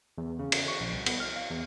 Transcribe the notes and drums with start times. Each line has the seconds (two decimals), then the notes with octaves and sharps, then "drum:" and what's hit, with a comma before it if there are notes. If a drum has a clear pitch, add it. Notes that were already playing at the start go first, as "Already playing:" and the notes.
0.18 E2
0.39 C#3
0.52 drum: cymbal
0.68 C#6
0.80 A#1
0.93 C2
1.06 B3, drum: cymbal
1.20 F6
1.36 F5
1.50 E2